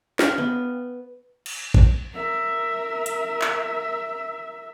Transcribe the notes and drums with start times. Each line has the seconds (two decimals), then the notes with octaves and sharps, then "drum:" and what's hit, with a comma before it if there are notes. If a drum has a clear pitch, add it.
0.19 F5 G5 F6, drum: snare
0.38 B3
1.46 drum: cymbal
1.74 drum: kick
2.14 A#4 E5
3.06 drum: hi-hat
3.42 drum: clap